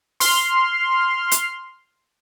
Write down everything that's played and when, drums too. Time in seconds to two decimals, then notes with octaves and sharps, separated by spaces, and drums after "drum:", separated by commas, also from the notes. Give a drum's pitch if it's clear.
0.20 C6 F6, drum: open hi-hat
1.32 drum: hi-hat